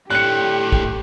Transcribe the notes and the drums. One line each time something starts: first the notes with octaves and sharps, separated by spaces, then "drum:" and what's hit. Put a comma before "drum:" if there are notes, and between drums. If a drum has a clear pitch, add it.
A2 D4 G4 F#6 C#7
drum: kick